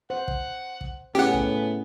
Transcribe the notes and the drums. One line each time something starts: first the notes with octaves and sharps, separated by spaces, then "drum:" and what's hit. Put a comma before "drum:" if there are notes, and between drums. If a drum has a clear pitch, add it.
C5 F#5
drum: kick
drum: kick
A2 B3 C#4 G4 G#4 F#5
drum: kick